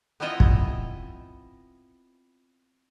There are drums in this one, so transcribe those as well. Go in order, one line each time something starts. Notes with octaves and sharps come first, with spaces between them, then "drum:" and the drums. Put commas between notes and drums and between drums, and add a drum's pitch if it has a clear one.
B3 C4 E4 F4 D#5 E5
drum: kick